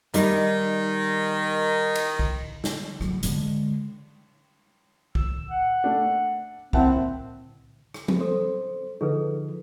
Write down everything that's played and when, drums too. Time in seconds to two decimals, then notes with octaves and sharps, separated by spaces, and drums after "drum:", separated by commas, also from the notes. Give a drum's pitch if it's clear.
0.14 D#3 G3 D#4, drum: hi-hat
1.95 drum: cymbal
2.19 drum: kick B1
2.64 drum: snare
3.01 D3 F#3, drum: rim click
3.23 D3 G#3, drum: hi-hat
5.15 E6, drum: kick B1
5.49 F#5
5.84 A3 D4
6.73 C4 E4 E5 F#5 A5, drum: kick B1
7.94 drum: rim click
8.08 drum: tom F3
8.21 A4 C5
9.01 D3 F3 D#4 G#4 A4 B4